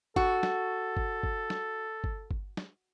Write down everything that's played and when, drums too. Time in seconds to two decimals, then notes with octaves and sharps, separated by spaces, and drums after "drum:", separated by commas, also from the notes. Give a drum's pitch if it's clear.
0.16 F#4 A4, drum: kick G1
0.43 drum: snare
0.97 drum: kick G1
1.23 drum: kick G1
1.50 drum: snare
2.04 drum: kick G1
2.31 drum: kick G1
2.57 drum: snare